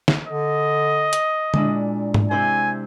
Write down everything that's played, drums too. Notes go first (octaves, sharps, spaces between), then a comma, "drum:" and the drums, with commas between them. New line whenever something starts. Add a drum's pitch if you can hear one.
drum: snare
D3 D#5
drum: hi-hat
A#2 G#3 D4 E4, drum: tom D3
drum: tom G#2
C3 E4 C5 G#5